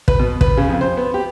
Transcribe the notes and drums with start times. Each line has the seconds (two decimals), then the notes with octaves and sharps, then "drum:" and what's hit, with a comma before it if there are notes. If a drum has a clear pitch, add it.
0.08 B4, drum: kick
0.19 B2
0.41 B4, drum: kick
0.57 C#3
0.69 F2
0.81 C5
0.97 B3
1.14 G4